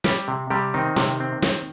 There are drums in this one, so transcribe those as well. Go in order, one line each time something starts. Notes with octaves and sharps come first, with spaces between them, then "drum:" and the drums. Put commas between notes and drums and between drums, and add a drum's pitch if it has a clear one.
G3 G4, drum: snare
C3
C3 G3 G4
D#3 C4 D#4
C3, drum: snare
C4
C4, drum: snare